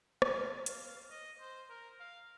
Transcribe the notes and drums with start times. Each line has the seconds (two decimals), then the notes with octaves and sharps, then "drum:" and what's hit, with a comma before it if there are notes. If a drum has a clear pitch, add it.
0.22 F5, drum: rim click
0.66 F5, drum: hi-hat
1.11 D#5
1.40 C5
1.70 A#4
2.00 F5